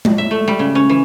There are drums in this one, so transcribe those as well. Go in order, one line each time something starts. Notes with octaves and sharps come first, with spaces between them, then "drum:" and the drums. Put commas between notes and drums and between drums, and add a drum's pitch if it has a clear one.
drum: tom G#3
E5
A3
G3
C#3
C#4
E3